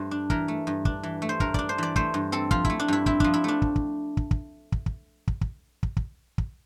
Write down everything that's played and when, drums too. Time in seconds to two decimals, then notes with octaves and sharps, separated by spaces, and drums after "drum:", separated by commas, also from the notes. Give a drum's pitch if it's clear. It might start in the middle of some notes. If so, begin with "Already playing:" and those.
Already playing: G2 A3 C5
0.11 D4
0.30 E3 A#4, drum: kick
0.48 A3
0.67 G2
0.85 D4, drum: kick
1.03 E3
1.22 A3
1.29 C5
1.40 G2 A#4, drum: kick
1.54 D4 D5, drum: kick
1.69 C5
1.78 E3 D5
1.96 A3 C5, drum: kick
2.14 G2
2.32 C4 A4
2.51 F3 F4, drum: kick
2.65 E4, drum: kick
2.70 A3
2.80 D4
2.88 G2 E4
3.06 C4 E4, drum: kick
3.20 F3 D4, drum: kick
3.34 E4
3.44 A3 D4
3.62 drum: kick
3.76 drum: kick
4.17 drum: kick
4.31 drum: kick
4.72 drum: kick
4.86 drum: kick
5.28 drum: kick
5.41 drum: kick
5.83 drum: kick
5.97 drum: kick
6.38 drum: kick